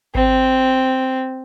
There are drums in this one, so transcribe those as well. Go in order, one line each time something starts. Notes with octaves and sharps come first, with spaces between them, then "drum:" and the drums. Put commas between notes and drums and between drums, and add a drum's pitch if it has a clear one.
C4, drum: kick G#1